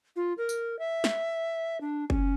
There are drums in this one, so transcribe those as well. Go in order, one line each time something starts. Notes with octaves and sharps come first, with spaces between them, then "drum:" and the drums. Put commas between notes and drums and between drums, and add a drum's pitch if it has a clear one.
F4
A#4
drum: tambourine
E5
drum: snare
D4
C#4, drum: kick